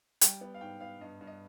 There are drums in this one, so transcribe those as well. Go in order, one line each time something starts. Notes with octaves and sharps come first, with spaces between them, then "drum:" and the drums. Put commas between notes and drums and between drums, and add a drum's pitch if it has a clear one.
G3 G5, drum: hi-hat
B3
F5
G#2 G5
B3 F5
G2 D#5
G2
D#5